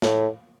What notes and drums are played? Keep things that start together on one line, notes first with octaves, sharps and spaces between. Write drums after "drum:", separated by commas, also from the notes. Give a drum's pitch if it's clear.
A2, drum: snare